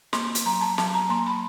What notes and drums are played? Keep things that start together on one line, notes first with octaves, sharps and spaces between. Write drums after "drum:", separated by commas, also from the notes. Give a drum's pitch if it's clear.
A#3 C6, drum: snare
drum: hi-hat
F#3 A#5
A5
F#3 A5, drum: snare
A#5
A#3 C6
B5